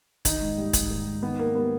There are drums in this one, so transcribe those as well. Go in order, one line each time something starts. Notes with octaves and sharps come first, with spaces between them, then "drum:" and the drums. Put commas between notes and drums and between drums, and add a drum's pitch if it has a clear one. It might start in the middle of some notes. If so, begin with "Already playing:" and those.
D#3 D#4, drum: kick, hi-hat
G#2
G3
G#2, drum: kick, hi-hat
D#3
G#2
D#3 B3
G#2 A#3
G3 B3